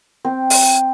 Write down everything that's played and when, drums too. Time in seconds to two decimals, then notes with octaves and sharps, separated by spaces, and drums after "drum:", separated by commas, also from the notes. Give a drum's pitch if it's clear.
0.25 C4
0.50 drum: open hi-hat